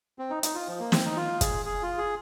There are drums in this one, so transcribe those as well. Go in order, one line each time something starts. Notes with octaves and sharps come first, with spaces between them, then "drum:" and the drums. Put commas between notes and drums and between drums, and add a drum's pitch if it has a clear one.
C4
D#4
D#4, drum: hi-hat
F4
F3
A#3
C4, drum: snare
D#4
F4
G#4, drum: kick, hi-hat
G#4
F4
G#4